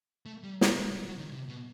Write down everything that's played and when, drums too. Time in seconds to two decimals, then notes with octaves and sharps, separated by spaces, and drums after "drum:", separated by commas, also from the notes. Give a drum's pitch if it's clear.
0.26 A3
0.44 G3
0.61 drum: snare
0.79 A3
0.92 G3
1.05 F#3
1.18 D#3
1.32 C3
1.49 B2